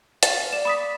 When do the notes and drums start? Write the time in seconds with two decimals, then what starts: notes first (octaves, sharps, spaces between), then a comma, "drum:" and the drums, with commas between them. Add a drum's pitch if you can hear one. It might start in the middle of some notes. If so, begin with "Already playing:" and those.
0.23 F5 A6, drum: hi-hat
0.53 D5 E7
0.65 B5 D#6 B6